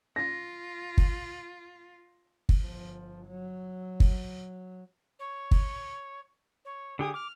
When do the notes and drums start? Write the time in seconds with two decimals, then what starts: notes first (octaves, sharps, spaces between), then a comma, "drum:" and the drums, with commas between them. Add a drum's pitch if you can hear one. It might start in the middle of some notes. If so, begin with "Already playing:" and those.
0.16 F4 A#6
0.98 drum: kick
2.49 drum: kick
2.60 G1 F3
3.27 F#3
4.00 drum: kick
5.19 C#5
5.51 drum: kick
6.65 C#5
6.99 D3 G4 G#4 D#6
7.14 D6 F6